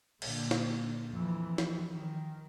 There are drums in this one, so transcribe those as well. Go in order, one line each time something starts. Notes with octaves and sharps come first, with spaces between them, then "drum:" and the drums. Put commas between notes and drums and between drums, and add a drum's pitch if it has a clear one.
A#2 D3, drum: cymbal
drum: snare
F2 E3
drum: snare
D#3